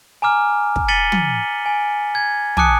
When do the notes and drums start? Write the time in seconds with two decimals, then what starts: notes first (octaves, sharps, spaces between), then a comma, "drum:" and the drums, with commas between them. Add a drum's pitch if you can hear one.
0.22 G#5 A#5 D6 F6
0.76 drum: kick
0.88 A6 B6 C#7 D#7 F#7 G7
1.12 drum: tom
1.66 G#5
2.15 G#6
2.57 G#5 A5 D6 D#6 F#6 C#7, drum: tom